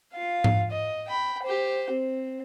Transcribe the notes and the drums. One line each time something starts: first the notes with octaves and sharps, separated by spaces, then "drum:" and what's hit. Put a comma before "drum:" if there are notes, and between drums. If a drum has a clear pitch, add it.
F4 F5
drum: tom G#2
D#5
G5 B5
G4 C5
C4